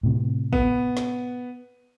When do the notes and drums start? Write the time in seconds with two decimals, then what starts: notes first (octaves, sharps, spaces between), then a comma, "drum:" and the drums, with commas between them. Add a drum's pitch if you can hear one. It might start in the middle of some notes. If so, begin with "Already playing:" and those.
0.03 A2 C3
0.53 B3, drum: kick
0.97 drum: snare